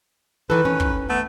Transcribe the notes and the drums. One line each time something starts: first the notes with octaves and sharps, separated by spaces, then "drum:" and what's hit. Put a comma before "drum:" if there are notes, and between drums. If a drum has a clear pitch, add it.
D#3 E3 A4 B4
C#4
drum: kick
A3 B3